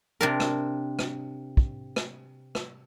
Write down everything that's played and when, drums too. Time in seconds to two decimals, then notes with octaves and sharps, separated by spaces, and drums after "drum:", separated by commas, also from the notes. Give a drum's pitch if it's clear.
0.21 C3 D4 A#4
0.40 drum: rim click
0.99 drum: rim click
1.57 drum: kick
1.96 drum: rim click
2.55 drum: rim click